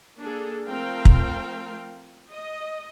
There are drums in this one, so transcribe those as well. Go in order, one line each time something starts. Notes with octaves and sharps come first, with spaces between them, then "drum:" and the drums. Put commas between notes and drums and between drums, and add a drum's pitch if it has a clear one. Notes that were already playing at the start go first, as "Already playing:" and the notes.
A#3 D4 G#4 A4
F3 A3 C4 A#4 F5 G5
drum: kick
D#5